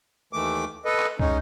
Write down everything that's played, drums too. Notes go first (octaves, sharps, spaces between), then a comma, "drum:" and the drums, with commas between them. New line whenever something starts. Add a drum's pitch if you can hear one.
D#2 D#3 E3 A3 D6
A4 B4 D#5
drum: clap
G#3 C#4 D#4, drum: kick